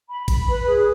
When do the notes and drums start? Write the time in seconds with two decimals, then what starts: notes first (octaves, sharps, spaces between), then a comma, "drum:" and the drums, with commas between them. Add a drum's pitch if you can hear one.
0.09 B5
0.28 B5, drum: kick, cymbal
0.48 B4
0.67 G#4